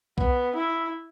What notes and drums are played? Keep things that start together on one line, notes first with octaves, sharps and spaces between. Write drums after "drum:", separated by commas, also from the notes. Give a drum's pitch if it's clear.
B3, drum: kick B1
E4